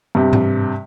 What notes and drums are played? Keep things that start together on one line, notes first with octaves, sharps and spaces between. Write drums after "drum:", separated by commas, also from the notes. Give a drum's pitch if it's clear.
G2 C3
drum: tom G#2